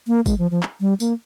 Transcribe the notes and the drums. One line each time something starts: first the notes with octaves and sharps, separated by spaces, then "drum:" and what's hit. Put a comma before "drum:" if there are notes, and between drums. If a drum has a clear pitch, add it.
A#3
G#3, drum: kick, tambourine
F3
F3
drum: clap
G3
A#3, drum: tambourine